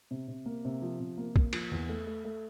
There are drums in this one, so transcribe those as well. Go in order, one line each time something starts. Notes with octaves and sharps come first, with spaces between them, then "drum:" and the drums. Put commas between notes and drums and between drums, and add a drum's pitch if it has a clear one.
C3
C3
A#3
C3
F3
C3
A#3
A#3, drum: kick
F3, drum: cymbal
E2
A3
A3
A3